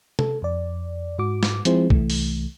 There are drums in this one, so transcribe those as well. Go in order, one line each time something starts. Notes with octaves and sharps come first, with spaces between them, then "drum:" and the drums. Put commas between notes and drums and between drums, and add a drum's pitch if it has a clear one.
A4, drum: tom C3
F2 D5
G#2 F#4 D6
drum: snare
F3 G#3 C4 E4 G#4 C5, drum: hi-hat
C2 E3 A3, drum: kick B1
drum: open hi-hat